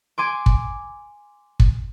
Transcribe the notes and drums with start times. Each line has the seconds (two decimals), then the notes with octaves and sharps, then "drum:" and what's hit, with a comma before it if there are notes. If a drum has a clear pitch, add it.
0.18 G#5 C6 D6
0.46 drum: kick
1.60 drum: kick